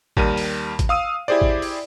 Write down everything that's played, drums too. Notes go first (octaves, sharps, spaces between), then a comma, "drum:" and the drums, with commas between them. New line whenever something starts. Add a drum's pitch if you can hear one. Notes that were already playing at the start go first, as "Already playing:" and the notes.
D#2 G3 A#4 D#7, drum: kick A1
drum: open hi-hat
drum: kick A1, hi-hat
F5 D#6 E6 D#7
E4 G4 G#4 C5 D5
drum: kick A1
drum: open hi-hat